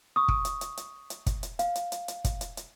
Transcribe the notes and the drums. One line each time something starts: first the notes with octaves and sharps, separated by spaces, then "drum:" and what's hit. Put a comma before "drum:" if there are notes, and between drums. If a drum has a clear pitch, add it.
C#6 D#6
drum: kick
drum: hi-hat
drum: hi-hat
drum: hi-hat
drum: hi-hat
drum: kick, hi-hat
drum: hi-hat
F5, drum: hi-hat
drum: hi-hat
drum: hi-hat
drum: hi-hat
drum: kick, hi-hat
drum: hi-hat
drum: hi-hat